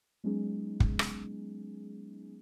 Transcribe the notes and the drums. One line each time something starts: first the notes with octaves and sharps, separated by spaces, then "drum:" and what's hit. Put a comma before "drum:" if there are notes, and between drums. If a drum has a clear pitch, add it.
F#3 G#3 B3 C#4 D#4 G#4
drum: kick
drum: rim click